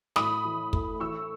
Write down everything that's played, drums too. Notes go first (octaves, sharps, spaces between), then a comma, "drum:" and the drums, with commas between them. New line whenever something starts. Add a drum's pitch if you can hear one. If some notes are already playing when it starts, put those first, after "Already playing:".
A2 B5 D#6, drum: snare
E3
A3, drum: kick
E3 C#6 E6